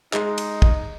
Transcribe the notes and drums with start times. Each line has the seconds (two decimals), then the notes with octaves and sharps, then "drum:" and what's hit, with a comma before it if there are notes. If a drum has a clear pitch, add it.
0.13 G#3 D#4, drum: clap
0.38 drum: cymbal
0.62 drum: kick